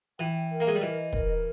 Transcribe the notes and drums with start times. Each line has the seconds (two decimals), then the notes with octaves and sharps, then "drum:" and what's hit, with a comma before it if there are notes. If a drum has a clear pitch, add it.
0.19 E3 G5
0.50 A#4
0.60 A#3
0.67 G#3
0.75 G3
0.82 E3 D#5
1.13 A#4, drum: kick